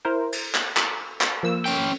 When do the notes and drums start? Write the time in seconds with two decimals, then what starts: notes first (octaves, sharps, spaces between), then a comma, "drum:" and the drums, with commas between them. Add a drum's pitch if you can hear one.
0.05 E4 A#4 C5
0.33 drum: cymbal
0.55 drum: clap
0.77 drum: clap
1.21 drum: clap
1.43 F3 A#3 E6
1.65 C#4 G5, drum: cymbal